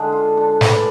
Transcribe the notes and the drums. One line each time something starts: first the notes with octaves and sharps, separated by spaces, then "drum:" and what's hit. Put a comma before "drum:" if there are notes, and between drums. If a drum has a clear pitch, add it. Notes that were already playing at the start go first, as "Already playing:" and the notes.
Already playing: D3 G#3 D4
F4
D4
B4, drum: snare
D5